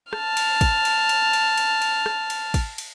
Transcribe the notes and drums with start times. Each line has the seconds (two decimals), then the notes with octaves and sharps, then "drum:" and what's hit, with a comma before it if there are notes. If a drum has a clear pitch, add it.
0.13 A5 F6, drum: rim click
0.37 drum: cymbal
0.61 drum: kick, cymbal
0.85 drum: cymbal
1.09 drum: cymbal
1.33 drum: cymbal
1.58 drum: cymbal
1.82 drum: cymbal
2.06 drum: rim click
2.30 drum: cymbal
2.54 drum: kick, cymbal
2.78 drum: cymbal